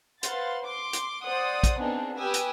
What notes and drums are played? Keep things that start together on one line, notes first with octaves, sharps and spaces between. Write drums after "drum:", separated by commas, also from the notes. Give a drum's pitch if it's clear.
B4 C5 F5 F#5 C6 A6, drum: hi-hat
C6 D6
drum: hi-hat
C5 D5 F#5 D#6
drum: kick, hi-hat
B3 C4 D4 D#4 G#4
G4 B4 G#5 D#6 E6
drum: hi-hat